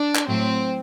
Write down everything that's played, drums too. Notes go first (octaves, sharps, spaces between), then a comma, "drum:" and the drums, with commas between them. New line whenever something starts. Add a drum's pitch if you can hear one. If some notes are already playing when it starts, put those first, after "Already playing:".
Already playing: D4
drum: clap
A2 F#3 C4